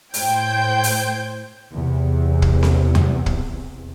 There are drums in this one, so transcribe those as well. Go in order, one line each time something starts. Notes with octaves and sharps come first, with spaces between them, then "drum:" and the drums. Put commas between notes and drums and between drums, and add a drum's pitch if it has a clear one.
A2 C5 G5 G6 G#6, drum: open hi-hat
drum: open hi-hat
E2 C3
drum: kick
drum: snare C4
drum: tom E2
drum: kick